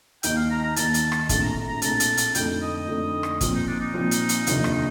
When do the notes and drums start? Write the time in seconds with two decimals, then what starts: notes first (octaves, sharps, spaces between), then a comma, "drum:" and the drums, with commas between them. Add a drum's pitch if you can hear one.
0.23 D#2 D#3 A#3 D#4 G5, drum: hi-hat
0.37 F5
0.50 A#5
0.64 A#5
0.76 D#2 D#3 A#3 D#4 A5, drum: hi-hat
0.94 drum: hi-hat
1.12 drum: rim click
1.29 A#1 A2 A3 C4 A5, drum: kick, hi-hat
1.43 A#5
1.68 A#5
1.82 A#1 A2 A3 C4 A5, drum: hi-hat
2.00 drum: hi-hat
2.17 drum: hi-hat
2.35 F2 D3 A3 D#4 G5, drum: hi-hat
2.61 D#5
2.75 D#5
2.88 F2 D3 A3 D#4
3.23 drum: rim click
3.41 A#2 F3 C4, drum: kick, hi-hat
3.55 D#4
3.67 D4
3.81 D#4
3.94 A#2 F3 C4
4.11 drum: hi-hat
4.29 drum: hi-hat
4.47 F1 D#2 D3 F3, drum: hi-hat
4.64 drum: rim click